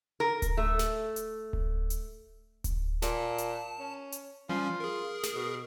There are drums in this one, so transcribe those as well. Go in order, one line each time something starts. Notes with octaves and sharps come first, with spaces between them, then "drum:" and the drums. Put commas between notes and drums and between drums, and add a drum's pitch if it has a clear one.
A#4
drum: kick D1, hi-hat
A3
drum: snare
drum: hi-hat
drum: kick D1
drum: hi-hat
drum: kick D1, hi-hat
A#2 A5, drum: snare
drum: hi-hat
C#4
drum: hi-hat
F3 G3 C#4 F4
G#4 A#4
drum: snare
B2